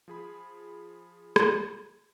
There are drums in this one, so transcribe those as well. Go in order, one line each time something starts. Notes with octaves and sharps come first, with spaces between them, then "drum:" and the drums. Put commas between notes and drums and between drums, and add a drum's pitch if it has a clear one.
F3 G#4 B5
drum: rim click